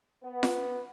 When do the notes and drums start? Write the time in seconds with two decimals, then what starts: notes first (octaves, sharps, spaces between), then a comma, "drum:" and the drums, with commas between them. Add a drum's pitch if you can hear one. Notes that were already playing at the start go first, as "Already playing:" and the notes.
0.22 B3
0.43 drum: snare F4